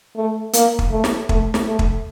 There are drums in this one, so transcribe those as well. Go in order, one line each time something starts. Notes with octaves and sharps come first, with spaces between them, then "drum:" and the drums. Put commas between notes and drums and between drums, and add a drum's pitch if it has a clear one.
A3
A#3, drum: hi-hat
drum: kick
A3
drum: snare
A3, drum: kick
drum: snare
A3
drum: kick